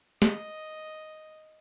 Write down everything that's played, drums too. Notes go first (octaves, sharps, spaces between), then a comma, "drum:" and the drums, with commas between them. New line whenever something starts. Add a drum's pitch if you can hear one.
D#5, drum: snare